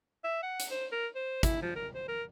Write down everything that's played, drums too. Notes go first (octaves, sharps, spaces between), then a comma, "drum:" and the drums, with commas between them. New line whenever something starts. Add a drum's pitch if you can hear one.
E5
F#5
drum: hi-hat
C5
A#4
C5
E4, drum: kick, hi-hat
F3
A#4
C5
A#4